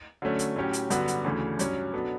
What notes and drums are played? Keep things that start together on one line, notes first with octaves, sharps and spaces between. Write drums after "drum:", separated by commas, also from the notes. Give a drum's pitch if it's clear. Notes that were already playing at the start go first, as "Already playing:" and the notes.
D3 F#3 A3 C#4
drum: hi-hat
A2 F#3 C#4 G4
drum: hi-hat
G2 D3 F#3 B3 F#4, drum: hi-hat
drum: hi-hat
D2 C#3 E3 A3
G2 F#3 C#4, drum: hi-hat
B2 F#3 B3 D4 A4